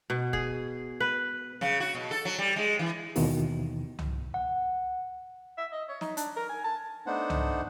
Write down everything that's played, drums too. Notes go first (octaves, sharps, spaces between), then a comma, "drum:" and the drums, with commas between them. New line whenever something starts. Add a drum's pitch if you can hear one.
B2
G#4, drum: kick
B4
C#3, drum: snare
F#4
B2
A4
F#3
G3
G#3
E3
D#2 B2 D#3 E3, drum: open hi-hat
drum: tom C2
F#5
E5
D#5
C#5
D#4, drum: snare
D4, drum: hi-hat
A#4
G#5
A5
A3 B3 D4 D#4 C5 F#5
drum: tom C2